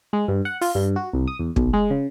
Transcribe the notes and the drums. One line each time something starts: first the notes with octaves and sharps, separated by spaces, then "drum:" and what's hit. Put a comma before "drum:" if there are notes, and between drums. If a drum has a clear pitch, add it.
G#3
G2
F#5
F4, drum: open hi-hat
G2
F#4
C2
D#6
E2
B1, drum: kick
G#3
C#3